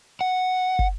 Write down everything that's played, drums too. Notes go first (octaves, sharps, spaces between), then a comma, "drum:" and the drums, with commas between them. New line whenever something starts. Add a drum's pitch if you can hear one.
F#5
drum: kick